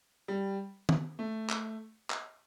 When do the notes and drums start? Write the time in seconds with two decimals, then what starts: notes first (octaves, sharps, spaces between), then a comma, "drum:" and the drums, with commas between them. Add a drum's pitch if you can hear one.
0.28 G3
0.89 drum: tom
1.19 A3
1.50 drum: clap
2.10 drum: clap